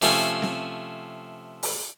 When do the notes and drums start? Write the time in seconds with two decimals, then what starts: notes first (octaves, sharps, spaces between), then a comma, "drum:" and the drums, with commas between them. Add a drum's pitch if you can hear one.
0.02 C3 F3 A3 C#4 G#5, drum: open hi-hat
0.42 drum: snare C4
1.63 drum: open hi-hat